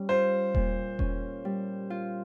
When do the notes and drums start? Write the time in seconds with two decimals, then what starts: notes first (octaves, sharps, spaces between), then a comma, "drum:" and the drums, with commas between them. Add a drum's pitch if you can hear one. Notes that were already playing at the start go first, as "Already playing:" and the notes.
Already playing: G3 C#4
0.09 F4 C5
0.55 A#2, drum: kick E1
0.99 C#4, drum: kick E1
1.45 G3
1.90 F4